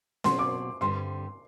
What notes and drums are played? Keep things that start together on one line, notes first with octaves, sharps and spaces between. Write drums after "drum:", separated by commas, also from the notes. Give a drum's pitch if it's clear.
B2 F#3 C4 F#4 C6, drum: snare
D6
G2 D3 G3 C4 C6